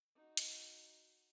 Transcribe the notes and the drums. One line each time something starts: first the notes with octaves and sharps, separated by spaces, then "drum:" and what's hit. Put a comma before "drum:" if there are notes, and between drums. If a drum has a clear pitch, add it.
D#4 F#4
drum: hi-hat